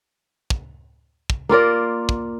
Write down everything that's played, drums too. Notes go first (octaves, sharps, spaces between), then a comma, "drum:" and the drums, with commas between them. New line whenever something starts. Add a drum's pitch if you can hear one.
drum: kick
drum: kick
A#3 F4 A#4 D5
drum: kick